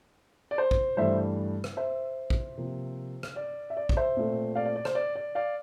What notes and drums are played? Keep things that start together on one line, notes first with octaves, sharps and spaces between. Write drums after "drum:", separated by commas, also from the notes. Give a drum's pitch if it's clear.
D5
C5
drum: kick
G2 E3 A3 C5 E5
drum: rim click
C5 E5
drum: kick
C3 F3 A#3
drum: rim click
D5
E5
D5
D5, drum: kick
C5 E5
A#2 A3 C4
D5 F5
D5
D5
C5, drum: rim click
D5
D5
D5 F5